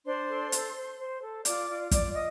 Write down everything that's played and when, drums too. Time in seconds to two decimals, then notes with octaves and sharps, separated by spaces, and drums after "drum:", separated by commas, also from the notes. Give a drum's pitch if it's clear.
0.06 D4 C5 C6
0.29 A4
0.52 C5, drum: hi-hat
0.76 C5
0.99 C5
1.22 A4
1.45 F4 D5 D6, drum: hi-hat
1.69 F4
1.91 F4 D5 D6, drum: kick, hi-hat
2.15 D#5 D#6